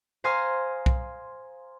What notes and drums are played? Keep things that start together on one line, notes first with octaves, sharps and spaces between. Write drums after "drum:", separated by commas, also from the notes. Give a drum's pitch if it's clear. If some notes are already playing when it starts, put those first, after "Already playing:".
C5 F5 G#5 A#5 C6 D#6
drum: kick B1